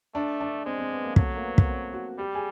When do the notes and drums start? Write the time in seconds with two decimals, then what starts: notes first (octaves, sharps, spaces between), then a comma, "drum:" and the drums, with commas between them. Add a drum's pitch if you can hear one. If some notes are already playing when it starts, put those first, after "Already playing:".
0.15 A3 D4
0.40 D4
0.66 G#3 C4
0.78 C4
0.91 B3
1.04 A#3
1.16 F#3 A3, drum: kick
1.35 A#3
1.42 B3
1.58 drum: kick
1.68 C4
1.93 F#4
2.19 G3 G4
2.35 G#4